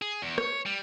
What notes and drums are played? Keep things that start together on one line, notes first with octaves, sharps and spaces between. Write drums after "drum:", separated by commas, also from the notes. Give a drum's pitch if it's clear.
G#4
E2
C#5, drum: rim click
G3